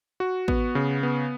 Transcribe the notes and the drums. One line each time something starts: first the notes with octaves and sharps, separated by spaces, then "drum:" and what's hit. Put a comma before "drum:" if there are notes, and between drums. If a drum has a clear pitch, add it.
F#4
B3, drum: kick A1
C#3
B3